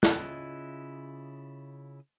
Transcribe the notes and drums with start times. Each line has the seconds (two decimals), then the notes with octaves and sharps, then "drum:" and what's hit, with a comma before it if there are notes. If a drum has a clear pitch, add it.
0.03 C#3 E4 F4 D#5 F#6, drum: snare